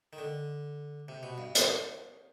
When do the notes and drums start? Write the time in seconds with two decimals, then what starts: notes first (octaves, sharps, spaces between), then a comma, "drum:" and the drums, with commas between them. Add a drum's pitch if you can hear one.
0.13 D#3
0.18 D3
1.08 C3
1.23 B2
1.38 G2
1.55 drum: hi-hat